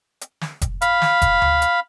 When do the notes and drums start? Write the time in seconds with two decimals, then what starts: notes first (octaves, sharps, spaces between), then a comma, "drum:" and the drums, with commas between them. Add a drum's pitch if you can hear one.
0.21 drum: hi-hat
0.41 drum: snare
0.61 drum: kick F1, hi-hat
0.82 F5 B5, drum: hi-hat
1.02 drum: snare
1.22 drum: kick F1, hi-hat
1.42 drum: tom D2
1.62 drum: hi-hat